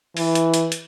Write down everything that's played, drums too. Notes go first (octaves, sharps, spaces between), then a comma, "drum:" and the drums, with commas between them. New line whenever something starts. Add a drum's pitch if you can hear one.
E3, drum: open hi-hat
drum: hi-hat
drum: hi-hat
drum: hi-hat